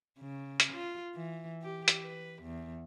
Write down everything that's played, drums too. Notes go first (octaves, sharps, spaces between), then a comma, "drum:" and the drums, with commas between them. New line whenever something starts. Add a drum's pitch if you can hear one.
C#3
drum: hi-hat
F4
E3
G4
drum: hi-hat
B4
E2